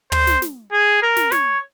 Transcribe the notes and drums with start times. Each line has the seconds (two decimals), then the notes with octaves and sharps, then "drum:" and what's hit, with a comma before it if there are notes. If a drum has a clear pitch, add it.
0.12 C5, drum: tom
0.27 drum: snare
0.42 drum: snare
0.72 G#4
1.02 A#4
1.17 drum: snare
1.32 C#5, drum: snare